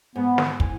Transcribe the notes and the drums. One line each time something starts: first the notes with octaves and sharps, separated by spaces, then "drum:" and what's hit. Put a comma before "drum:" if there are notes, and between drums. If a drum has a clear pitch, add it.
G#2 B3
drum: snare
E3, drum: kick